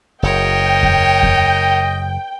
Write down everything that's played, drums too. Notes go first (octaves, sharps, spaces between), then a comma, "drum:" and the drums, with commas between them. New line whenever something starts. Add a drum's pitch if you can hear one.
F#1 A#4 C#5 D#5 G5
drum: kick E2
drum: kick E2